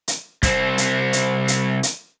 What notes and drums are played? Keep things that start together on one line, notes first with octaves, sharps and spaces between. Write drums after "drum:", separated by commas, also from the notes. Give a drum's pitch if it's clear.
drum: hi-hat
C2 C4, drum: kick, hi-hat
drum: hi-hat
drum: hi-hat
drum: hi-hat
drum: hi-hat